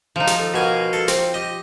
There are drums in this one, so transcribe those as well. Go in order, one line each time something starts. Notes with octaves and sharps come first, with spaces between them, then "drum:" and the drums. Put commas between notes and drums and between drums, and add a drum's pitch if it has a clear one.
F3 D#4
drum: snare
A4
B2 A#3 F#4 G#5
A4
C4 F4, drum: snare
G4 D#5